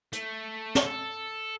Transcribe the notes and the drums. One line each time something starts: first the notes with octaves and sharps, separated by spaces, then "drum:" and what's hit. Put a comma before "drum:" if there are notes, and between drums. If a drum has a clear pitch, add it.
A3, drum: hi-hat
drum: snare
A4